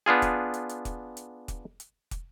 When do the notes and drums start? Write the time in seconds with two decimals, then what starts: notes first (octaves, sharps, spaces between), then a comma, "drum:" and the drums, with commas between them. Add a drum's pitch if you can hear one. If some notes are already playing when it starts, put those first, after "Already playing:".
0.06 B3 D4 F4 G#4
0.22 drum: kick, hi-hat
0.54 drum: hi-hat
0.69 drum: hi-hat
0.85 drum: kick, hi-hat
1.17 drum: hi-hat
1.48 drum: kick, hi-hat
1.80 drum: hi-hat
2.11 drum: kick, hi-hat